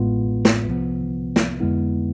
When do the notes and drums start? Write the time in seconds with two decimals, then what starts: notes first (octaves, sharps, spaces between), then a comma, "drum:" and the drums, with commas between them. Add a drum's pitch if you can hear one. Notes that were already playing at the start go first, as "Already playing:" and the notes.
Already playing: A1 A2 G#3 B3 F4
0.45 drum: snare
0.66 C2 C3 F3 B3
1.36 drum: snare
1.60 F2 D3 G#3 B3 E4